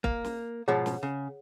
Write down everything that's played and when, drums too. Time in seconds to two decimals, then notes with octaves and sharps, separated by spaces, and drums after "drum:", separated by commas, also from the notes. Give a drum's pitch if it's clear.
0.04 A#3, drum: kick
0.24 drum: snare
0.68 G#2 B2 F3 G#4 C#5 F#5
0.86 drum: snare
1.03 C#3